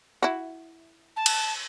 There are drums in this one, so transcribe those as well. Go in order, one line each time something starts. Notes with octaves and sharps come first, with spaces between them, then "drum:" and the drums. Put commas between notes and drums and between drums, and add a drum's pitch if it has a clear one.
E4 F#4
A5
drum: cymbal